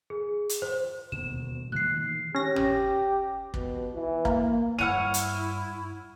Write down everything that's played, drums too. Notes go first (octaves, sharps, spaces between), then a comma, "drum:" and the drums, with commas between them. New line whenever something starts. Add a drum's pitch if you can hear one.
G#4
drum: hi-hat
C5
D#1 D2 B2 E7
D#3 E3 A#3 F#6 C7
C#4 G4 A#6
drum: tom
B2, drum: kick
E3
A#3, drum: kick
G2 E4 C#5 F#5 F6 D#7
drum: hi-hat